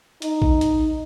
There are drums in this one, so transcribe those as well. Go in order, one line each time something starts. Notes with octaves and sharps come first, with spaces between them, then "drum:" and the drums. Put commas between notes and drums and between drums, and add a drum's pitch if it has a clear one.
D#4, drum: hi-hat
drum: kick A#1
drum: hi-hat